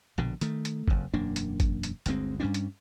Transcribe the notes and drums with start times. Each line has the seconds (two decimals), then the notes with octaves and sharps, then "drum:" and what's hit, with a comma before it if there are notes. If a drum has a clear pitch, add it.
0.18 A#1 B2 D3
0.41 D#3 A3, drum: hi-hat
0.65 drum: hi-hat
0.88 F#1 F2, drum: kick G#1
1.14 E1 F#2 A#3 D4
1.36 drum: hi-hat
1.60 drum: kick G#1, hi-hat
1.83 drum: hi-hat
2.06 G1 D2 G#3 C4, drum: hi-hat
2.40 G2 G3 C#4 D4
2.54 drum: hi-hat